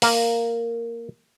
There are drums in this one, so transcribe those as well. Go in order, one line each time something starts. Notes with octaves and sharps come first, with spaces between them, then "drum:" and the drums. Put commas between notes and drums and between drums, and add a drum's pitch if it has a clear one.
A#3 A#4, drum: open hi-hat